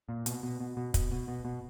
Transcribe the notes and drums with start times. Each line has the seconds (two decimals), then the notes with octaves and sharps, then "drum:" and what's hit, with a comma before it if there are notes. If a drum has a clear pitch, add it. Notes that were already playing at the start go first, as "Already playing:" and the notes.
0.09 A#2
0.26 B2, drum: hi-hat
0.43 B2
0.60 B2
0.77 B2
0.94 B2, drum: kick, hi-hat
1.12 B2
1.28 B2
1.45 B2